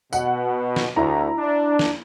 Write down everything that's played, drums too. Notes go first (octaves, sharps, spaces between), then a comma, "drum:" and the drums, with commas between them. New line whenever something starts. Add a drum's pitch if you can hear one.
B2 F#5, drum: tambourine
drum: snare
D2 E4 A#5
D4
drum: snare